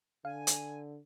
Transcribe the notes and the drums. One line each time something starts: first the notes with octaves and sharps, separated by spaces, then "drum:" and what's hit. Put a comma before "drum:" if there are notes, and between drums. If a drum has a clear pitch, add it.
D3 F5 G#5
drum: hi-hat